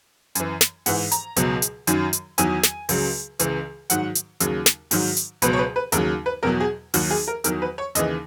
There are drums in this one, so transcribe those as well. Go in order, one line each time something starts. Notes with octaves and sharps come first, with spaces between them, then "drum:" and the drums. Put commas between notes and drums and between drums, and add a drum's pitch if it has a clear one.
F#2 E3, drum: hi-hat
drum: snare
G#2 E3 F#5, drum: open hi-hat
A#5, drum: hi-hat
C#2 B2 F#3, drum: hi-hat
drum: hi-hat
F#2 D#3 F#3, drum: hi-hat
drum: hi-hat
E2 D#3 F#3 G#5, drum: hi-hat
drum: snare
C#2 C#3 F#3, drum: open hi-hat
C#2 C#3 E3, drum: hi-hat
G#2 D#3 F#3 F#5, drum: hi-hat
drum: hi-hat
D#2 C#3 F#3, drum: hi-hat
drum: snare
G#2 D#3 F#3, drum: open hi-hat
drum: hi-hat
C#2 B2 F#3 B4, drum: hi-hat
C#5
B4
B4
D#2 C#3 F#3 A#4, drum: hi-hat
B4
E2 B2 F#3 A#4
G#4
D#2 D#3 F#3 F#4, drum: open hi-hat
G#4
A#4
E2 D#3 F#3 A#4, drum: hi-hat
B4
C#5
D#2 C#3 E3 D#5, drum: hi-hat